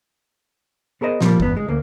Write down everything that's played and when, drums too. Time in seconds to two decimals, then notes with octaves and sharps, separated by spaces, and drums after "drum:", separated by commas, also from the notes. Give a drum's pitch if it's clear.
1.01 B3 G#4 A#4 C5 D#5
1.21 A#2 F3 G3 A#3, drum: snare
1.40 E2 G2 B3, drum: kick G1
1.57 G#3
1.68 D2 A#3